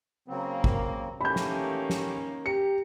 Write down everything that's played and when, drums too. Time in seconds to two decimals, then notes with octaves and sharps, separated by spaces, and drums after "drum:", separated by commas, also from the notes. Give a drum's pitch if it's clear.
0.28 C#3 F#3 A#3 C4
0.64 drum: kick G#1
1.21 D#3 E3 A3 A#3 C#4 G4 B5 G6
1.36 drum: snare
1.90 drum: snare
2.46 G4 A#5 C#7